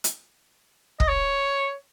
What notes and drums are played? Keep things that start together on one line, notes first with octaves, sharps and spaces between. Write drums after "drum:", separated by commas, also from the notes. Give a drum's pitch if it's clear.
drum: hi-hat
D#5, drum: kick
C#5